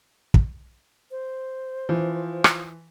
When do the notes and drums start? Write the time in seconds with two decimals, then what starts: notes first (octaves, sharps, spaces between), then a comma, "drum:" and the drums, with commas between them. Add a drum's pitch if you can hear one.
0.34 drum: kick
1.11 C5
1.89 E3 F3
2.44 drum: rim click